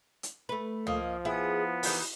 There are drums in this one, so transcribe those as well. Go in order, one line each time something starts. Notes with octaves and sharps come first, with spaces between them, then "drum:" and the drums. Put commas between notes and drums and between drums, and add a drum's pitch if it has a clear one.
drum: hi-hat
A3 B4
F3 A#3 D#5, drum: tom
B3 E4 G#4
E3 D#4 A#4, drum: open hi-hat